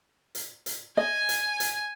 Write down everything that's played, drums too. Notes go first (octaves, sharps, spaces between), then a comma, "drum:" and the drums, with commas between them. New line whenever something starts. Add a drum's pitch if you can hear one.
drum: hi-hat
drum: hi-hat
D#5 G#5
drum: hi-hat
drum: hi-hat